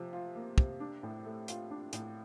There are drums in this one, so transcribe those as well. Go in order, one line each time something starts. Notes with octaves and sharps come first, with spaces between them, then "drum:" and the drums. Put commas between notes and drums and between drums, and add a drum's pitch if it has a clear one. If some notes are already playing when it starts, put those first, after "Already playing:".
Already playing: C3 F3
F4
A#3
C3, drum: kick
D4
A2
A3
F4, drum: hi-hat
D4
A2, drum: hi-hat